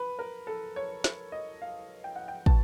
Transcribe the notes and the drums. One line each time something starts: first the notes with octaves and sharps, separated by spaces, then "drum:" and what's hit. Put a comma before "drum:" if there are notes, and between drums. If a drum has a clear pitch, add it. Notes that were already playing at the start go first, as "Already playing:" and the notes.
Already playing: B4
A#4
A4
C#5
drum: snare
D#5
F5
G5
F#5
G5
B2 A5, drum: kick